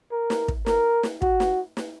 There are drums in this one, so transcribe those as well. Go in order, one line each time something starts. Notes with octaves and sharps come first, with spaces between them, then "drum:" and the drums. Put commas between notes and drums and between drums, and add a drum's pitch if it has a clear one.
A#4
drum: snare
drum: kick
A#4, drum: snare
drum: snare
F#4, drum: kick
drum: snare
drum: snare